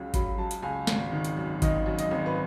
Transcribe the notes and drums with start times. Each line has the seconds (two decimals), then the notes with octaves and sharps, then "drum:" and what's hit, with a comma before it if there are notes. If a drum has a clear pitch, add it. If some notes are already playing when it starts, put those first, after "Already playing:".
Already playing: C#2 C#3 F#3
0.14 F#3 B5, drum: kick G#1, hi-hat
0.38 F#3 A5
0.51 drum: hi-hat
0.62 C#2 G#5
0.87 G#1, drum: snare
1.12 D#3
1.25 drum: hi-hat
1.37 F#2
1.62 D#3 D#5, drum: kick G#1, hi-hat
1.86 F#2
1.99 D#5, drum: hi-hat
2.11 G#1
2.26 B4